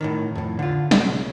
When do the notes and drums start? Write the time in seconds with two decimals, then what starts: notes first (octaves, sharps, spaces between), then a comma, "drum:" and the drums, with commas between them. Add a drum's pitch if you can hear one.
0.01 A2 C3 D#3
0.35 F2 A2
0.59 D3 F4
0.91 B1 C#3 G#3 C#4 D4, drum: snare